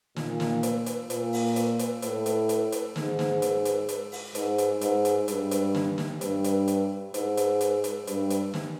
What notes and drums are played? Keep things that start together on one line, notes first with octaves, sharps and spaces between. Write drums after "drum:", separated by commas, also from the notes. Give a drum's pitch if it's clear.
A#2, drum: snare
drum: snare
drum: hi-hat
drum: hi-hat
A#2, drum: hi-hat
drum: open hi-hat
drum: hi-hat
drum: hi-hat
A2, drum: hi-hat
drum: hi-hat
drum: hi-hat
drum: hi-hat
G#2, drum: snare
drum: snare
drum: hi-hat
drum: hi-hat
drum: hi-hat
drum: open hi-hat
G#2, drum: hi-hat
drum: hi-hat
G#2, drum: hi-hat
drum: hi-hat
G2, drum: hi-hat
drum: hi-hat
drum: snare
drum: snare
G2, drum: hi-hat
drum: hi-hat
drum: hi-hat
G#2, drum: hi-hat
drum: hi-hat
drum: hi-hat
drum: hi-hat
G2, drum: hi-hat
drum: hi-hat
drum: snare